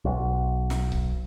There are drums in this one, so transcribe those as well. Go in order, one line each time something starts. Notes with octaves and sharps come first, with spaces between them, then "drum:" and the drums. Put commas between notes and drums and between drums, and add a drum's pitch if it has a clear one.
B1
drum: snare
drum: kick C#1